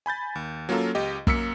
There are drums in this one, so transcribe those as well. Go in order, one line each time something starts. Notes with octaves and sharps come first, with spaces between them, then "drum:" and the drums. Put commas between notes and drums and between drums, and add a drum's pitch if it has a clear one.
G#5 B5 G6 A6
D#2
F#3 A#3 C#4 F4 A4 A#4
C#2 G4 D#5
F#2 A#3 E6 B6 C#7, drum: kick